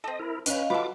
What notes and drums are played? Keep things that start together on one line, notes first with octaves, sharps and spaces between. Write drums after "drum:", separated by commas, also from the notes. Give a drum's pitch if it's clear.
C4 A4 D#5
E4 A#4
C#4 B4 C#5 D#5 F5, drum: hi-hat
F#3 F4 A4 B4 D6